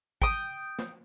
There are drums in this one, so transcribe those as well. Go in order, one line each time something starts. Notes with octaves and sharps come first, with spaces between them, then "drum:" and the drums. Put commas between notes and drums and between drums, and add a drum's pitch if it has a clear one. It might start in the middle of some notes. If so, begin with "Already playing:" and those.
G5 D#6, drum: kick G#1
drum: snare